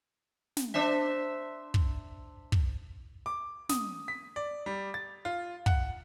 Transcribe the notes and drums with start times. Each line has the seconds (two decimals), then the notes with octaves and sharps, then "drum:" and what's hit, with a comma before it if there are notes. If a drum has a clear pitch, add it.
0.57 drum: snare
0.74 D4 C5 E5
1.74 drum: kick
2.52 drum: kick
3.26 D6
3.69 D#6, drum: snare
4.08 B6
4.36 D5
4.66 G3
4.94 A6
5.25 F4
5.66 F#5, drum: kick